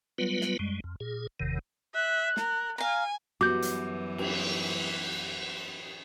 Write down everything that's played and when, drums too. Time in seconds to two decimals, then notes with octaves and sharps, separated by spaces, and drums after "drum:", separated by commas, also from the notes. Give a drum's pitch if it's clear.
0.18 F#3 G3 B3 F4 B4
0.41 drum: snare
0.59 F#2 G3 G#3
0.84 F2
1.00 A#2 G#4
1.40 F#1 E2 C3 D#3
1.94 E5 F#6
2.37 A#4, drum: snare
2.78 F5 G#5 A#5
3.41 F#2 E3 G3 B3 F#4 D6 G6
3.62 drum: hi-hat
4.18 drum: cymbal